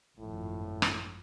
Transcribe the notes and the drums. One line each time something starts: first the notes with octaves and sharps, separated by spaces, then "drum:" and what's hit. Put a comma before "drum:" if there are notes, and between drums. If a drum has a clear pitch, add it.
G#1 F#2 A2 F3
drum: rim click